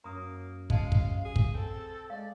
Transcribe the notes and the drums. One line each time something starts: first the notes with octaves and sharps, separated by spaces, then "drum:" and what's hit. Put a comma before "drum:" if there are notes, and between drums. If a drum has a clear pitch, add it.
F#2 A#3 A#5 D#6
G#3 D#5 F5 A5, drum: kick
drum: kick
G#4
drum: kick
C4 A4 G#5
G#3 D5 F5